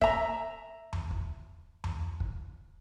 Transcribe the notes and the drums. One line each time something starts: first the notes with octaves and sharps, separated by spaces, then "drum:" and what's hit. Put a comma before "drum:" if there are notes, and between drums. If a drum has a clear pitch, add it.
E5 A#5, drum: kick
drum: tom E2
drum: kick
drum: tom E2
drum: kick